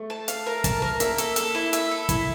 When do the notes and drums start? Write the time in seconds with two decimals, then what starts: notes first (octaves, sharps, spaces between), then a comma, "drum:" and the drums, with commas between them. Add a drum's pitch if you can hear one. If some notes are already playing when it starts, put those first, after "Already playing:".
Already playing: A3
0.10 A5
0.28 F5, drum: hi-hat
0.46 A#4
0.64 A5, drum: kick, hi-hat
0.82 A#4
1.00 A#3 E5, drum: hi-hat
1.18 A4, drum: hi-hat
1.36 A4, drum: hi-hat
1.55 E4
1.73 E5, drum: hi-hat
1.91 A4
2.09 E4, drum: kick, hi-hat